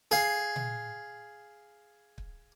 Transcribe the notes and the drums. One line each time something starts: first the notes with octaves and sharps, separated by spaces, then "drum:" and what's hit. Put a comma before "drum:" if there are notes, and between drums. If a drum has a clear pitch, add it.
G#4 F5, drum: snare
drum: tom A#2
drum: kick